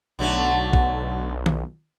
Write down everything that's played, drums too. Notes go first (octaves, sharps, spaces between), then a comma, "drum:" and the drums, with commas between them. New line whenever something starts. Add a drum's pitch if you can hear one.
B1 D3 F#3 A3
drum: kick
drum: tom D#3